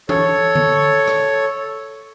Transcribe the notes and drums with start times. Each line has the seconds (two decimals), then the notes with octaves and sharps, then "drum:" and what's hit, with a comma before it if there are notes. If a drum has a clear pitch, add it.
0.09 A4 C#5, drum: tom E3
0.55 drum: tom D3
1.07 drum: rim click